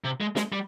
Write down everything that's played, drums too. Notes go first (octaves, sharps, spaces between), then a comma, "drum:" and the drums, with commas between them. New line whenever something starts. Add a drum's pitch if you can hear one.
C3
G#3
G#3, drum: snare
G3